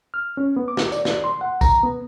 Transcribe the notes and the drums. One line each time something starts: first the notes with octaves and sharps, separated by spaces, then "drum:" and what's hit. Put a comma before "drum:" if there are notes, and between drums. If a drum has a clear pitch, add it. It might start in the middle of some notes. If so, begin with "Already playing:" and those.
F6
C#4
B3
D6
drum: snare
D5, drum: tambourine
drum: snare
C6
F#5
A#5, drum: kick, tambourine
B3